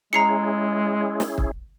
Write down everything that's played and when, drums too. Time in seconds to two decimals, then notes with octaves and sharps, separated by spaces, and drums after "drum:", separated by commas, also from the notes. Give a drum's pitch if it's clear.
0.13 G#3 C#4 E4 G#4 A#5 C7 C#7
1.20 drum: snare
1.38 drum: kick